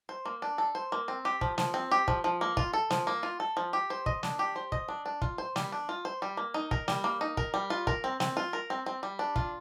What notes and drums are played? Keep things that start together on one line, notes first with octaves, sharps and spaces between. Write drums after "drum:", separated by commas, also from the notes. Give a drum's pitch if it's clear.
C5
A#3
D4
A4
C5
A#3
C4
G4
F3, drum: kick
F3, drum: snare
C4
G4
F3, drum: kick
F3
A#3
F4, drum: kick
A4
F3, drum: snare
A#3
F4
A4
F3
G4
C5
D#5, drum: kick
D4, drum: snare
G4
C5
D#5, drum: kick
D4
D4
F4, drum: kick
C5
G3, drum: snare
D4
F4
C5
G3
A#3
D#4
A#4, drum: kick
G3, drum: snare
A#3
D#4
A#4, drum: kick
G3
F4
A#4, drum: kick
C4
C4, drum: snare
F4
A#4
C4
C4
G3
D4
F4, drum: kick